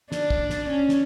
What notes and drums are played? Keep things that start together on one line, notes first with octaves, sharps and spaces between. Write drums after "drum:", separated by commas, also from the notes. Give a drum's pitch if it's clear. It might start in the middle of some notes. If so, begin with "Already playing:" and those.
D4, drum: snare
drum: kick
drum: snare
C#4
drum: snare